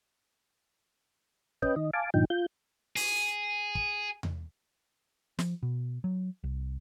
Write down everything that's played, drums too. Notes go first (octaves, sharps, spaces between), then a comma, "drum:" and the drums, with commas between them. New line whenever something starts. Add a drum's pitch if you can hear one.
C#4 B4 D#5 G5, drum: kick
D#3 D#5
F5 G#5 A5 D6
G2 A#2 D3 F3 D#4 G5
F4 G6
G#4, drum: open hi-hat
drum: kick
drum: tom E2
F3, drum: snare
B2
F#3
C2